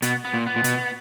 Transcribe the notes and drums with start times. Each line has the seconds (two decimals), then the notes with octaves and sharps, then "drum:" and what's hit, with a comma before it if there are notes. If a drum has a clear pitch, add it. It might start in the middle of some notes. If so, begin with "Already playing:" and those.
0.02 B2 B3, drum: hi-hat
0.25 B3
0.34 A#2
0.47 B3
0.56 A#2
0.64 B2, drum: hi-hat